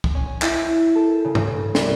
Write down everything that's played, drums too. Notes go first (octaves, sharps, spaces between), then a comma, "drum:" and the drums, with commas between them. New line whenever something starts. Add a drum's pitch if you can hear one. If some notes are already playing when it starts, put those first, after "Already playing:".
drum: kick
C#4
E4, drum: clap
A4
C#3
drum: tom G2
C2, drum: snare